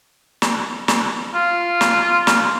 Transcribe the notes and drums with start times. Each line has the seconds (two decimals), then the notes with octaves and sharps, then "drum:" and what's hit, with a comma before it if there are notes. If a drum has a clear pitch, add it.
0.42 drum: snare
0.88 drum: snare
1.34 F4
1.81 drum: snare
2.27 drum: snare